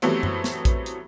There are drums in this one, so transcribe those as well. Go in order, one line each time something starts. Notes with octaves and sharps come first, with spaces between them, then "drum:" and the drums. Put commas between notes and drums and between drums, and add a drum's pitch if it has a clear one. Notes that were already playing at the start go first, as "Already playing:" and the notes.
E3 F#3 G3 A3 B3 C4, drum: hi-hat
drum: tom F#2
drum: snare
drum: kick A#1, hi-hat
drum: hi-hat